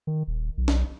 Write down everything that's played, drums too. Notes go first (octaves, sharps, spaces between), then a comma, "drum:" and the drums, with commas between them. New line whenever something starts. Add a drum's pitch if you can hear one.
D#3
D#1
B1
drum: snare